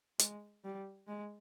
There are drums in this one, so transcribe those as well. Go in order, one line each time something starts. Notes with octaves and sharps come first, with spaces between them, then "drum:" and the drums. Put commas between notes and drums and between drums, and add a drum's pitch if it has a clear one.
G#3, drum: hi-hat
G3
G#3